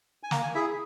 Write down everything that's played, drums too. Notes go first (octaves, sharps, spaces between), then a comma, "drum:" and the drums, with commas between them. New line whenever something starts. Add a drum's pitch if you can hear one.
G#5
A#3 A#5, drum: snare
G#5
E4 G#4 E5